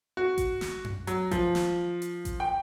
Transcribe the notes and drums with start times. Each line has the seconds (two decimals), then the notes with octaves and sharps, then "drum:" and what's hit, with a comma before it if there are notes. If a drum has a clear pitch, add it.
0.17 F#4
0.38 drum: kick A1, hi-hat
0.61 drum: snare
0.84 drum: tom F#2
1.07 F#3, drum: hi-hat
1.31 F3, drum: kick A1, hi-hat
1.55 drum: snare
2.02 drum: hi-hat
2.25 drum: kick A1, hi-hat
2.40 G5